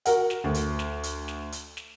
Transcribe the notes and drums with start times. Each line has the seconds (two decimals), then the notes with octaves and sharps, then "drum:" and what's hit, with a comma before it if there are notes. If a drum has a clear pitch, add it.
0.05 F#4 A#4 F#5, drum: hi-hat
0.30 drum: snare
0.44 D2
0.54 drum: hi-hat
0.79 drum: snare
1.03 drum: hi-hat
1.28 drum: snare
1.52 drum: hi-hat
1.77 drum: snare